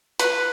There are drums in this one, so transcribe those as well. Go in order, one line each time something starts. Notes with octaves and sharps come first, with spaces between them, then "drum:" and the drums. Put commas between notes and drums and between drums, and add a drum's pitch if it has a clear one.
B4, drum: hi-hat